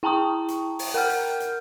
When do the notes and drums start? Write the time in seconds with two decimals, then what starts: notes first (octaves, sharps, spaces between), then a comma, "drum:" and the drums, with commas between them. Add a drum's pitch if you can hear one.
0.03 E4 G5 A5 A#5 C#6 D#6
0.48 drum: hi-hat
0.79 drum: open hi-hat
0.94 A#4 F#5 G5 F6 G6
1.10 drum: hi-hat
1.40 drum: hi-hat